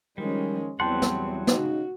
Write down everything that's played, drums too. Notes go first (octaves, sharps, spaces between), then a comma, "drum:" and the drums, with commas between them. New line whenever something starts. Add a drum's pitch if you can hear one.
D#3 F3 G3 G#3 C#4 A#4
E2 F#3 G3 C4 F#5 G5 A5 C6
drum: snare
C#3 D#4 F#4, drum: snare